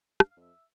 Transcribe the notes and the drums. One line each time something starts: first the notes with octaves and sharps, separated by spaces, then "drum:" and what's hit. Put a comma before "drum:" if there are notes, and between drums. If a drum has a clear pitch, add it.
G2 F5, drum: rim click
F5
F2 E5